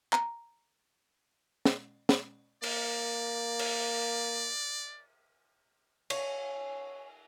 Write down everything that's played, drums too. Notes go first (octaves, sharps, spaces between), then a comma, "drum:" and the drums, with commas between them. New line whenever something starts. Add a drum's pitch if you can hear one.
A#5, drum: clap
drum: snare
drum: snare
A#3 D5, drum: cymbal
drum: cymbal
C#4, drum: cymbal